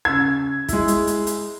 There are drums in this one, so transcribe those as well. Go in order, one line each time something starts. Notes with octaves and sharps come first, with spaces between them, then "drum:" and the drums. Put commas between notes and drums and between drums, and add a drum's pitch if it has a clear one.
C#3 E6 G#6
G#3 E4, drum: kick, hi-hat
drum: hi-hat
drum: hi-hat
drum: hi-hat